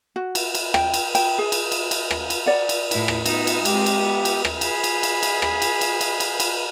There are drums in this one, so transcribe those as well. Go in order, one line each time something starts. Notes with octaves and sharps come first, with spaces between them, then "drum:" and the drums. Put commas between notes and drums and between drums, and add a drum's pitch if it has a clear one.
F#4
drum: cymbal
drum: cymbal
G5, drum: rim click
drum: cymbal
G5, drum: cymbal
G#4
drum: cymbal
drum: cymbal
drum: cymbal
drum: rim click
drum: cymbal
D5 F#5
drum: cymbal
A2 E4, drum: cymbal
drum: rim click
B3 D#4, drum: cymbal
drum: cymbal
G#3 C4 G4, drum: cymbal
drum: cymbal
B3
drum: cymbal
drum: rim click
G#4 B5, drum: cymbal
drum: cymbal
drum: cymbal
drum: cymbal
drum: rim click
drum: cymbal
drum: cymbal
drum: cymbal
drum: cymbal
drum: cymbal